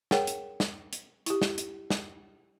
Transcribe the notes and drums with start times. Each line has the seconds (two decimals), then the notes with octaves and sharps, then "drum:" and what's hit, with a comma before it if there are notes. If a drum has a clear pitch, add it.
0.11 G#4 A#4 C#5 F#5 G5, drum: snare
0.27 drum: hi-hat
0.60 drum: snare
0.93 drum: hi-hat
1.26 E4 G4, drum: hi-hat
1.42 drum: snare
1.58 drum: hi-hat
1.90 drum: snare